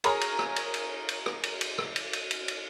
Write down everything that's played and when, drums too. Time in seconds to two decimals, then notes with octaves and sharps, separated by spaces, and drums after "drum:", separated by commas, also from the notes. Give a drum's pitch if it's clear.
0.04 G#4 A#4 C#5 G#5 A#5, drum: cymbal
0.21 drum: cymbal
0.39 drum: rim click
0.56 drum: cymbal
0.74 drum: cymbal
1.09 drum: cymbal
1.26 drum: rim click
1.43 drum: cymbal
1.61 drum: cymbal
1.78 drum: rim click
1.96 drum: cymbal
2.13 drum: cymbal
2.31 drum: cymbal
2.48 drum: cymbal